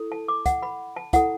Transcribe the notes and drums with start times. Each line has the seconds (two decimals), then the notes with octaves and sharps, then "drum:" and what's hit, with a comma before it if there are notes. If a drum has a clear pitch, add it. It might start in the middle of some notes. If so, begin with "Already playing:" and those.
Already playing: E4 A4
0.12 A5
0.28 D6
0.46 F#5, drum: kick, hi-hat
0.63 B5
0.96 A5
1.13 E4 A4 F#5, drum: kick, hi-hat